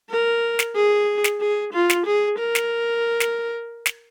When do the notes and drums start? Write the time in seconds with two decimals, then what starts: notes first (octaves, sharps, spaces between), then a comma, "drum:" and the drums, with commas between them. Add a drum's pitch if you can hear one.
0.10 A#4
0.59 drum: snare
0.75 G#4
1.24 drum: snare
1.41 G#4
1.73 F4
1.90 drum: snare
2.05 G#4
2.38 A#4
2.55 drum: snare
3.20 drum: snare
3.86 drum: snare